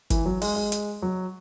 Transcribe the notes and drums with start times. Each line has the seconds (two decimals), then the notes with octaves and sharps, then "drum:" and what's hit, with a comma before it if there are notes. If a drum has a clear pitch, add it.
0.10 E3, drum: kick G1, hi-hat
0.26 F#3
0.42 G#3, drum: open hi-hat
0.56 G#3
0.72 drum: hi-hat
1.02 F#3